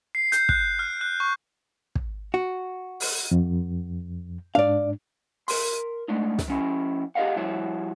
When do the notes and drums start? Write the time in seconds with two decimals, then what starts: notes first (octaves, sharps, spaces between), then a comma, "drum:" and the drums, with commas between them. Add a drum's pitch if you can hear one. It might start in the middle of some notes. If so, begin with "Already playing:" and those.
0.15 C7
0.32 G6, drum: hi-hat
0.49 F#6, drum: kick
0.79 F6
1.01 F#6
1.20 C#6
1.95 drum: kick
2.34 F#4
3.00 drum: open hi-hat
3.31 F2
4.55 G#2 D4 D5 F5
5.48 A#4 C6, drum: open hi-hat
6.08 G#3 A3 D4 D#4
6.39 drum: snare
6.48 F3 C#4 E4
7.15 G4 G#4 C#5 D#5 F5 F#5
7.36 F3 G3 E4 F#4 C#5 E5